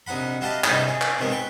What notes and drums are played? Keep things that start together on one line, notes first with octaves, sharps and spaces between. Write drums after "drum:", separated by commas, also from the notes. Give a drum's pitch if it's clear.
A#1 C3 D#4 F#5 B5
E4 F#4 G4 D#5 F5 A5
C2 G2 D#4 E4 D#5, drum: clap
G#4
drum: clap
C3 D#3 F3 G#3 A#3 B3
B4 G5 C#6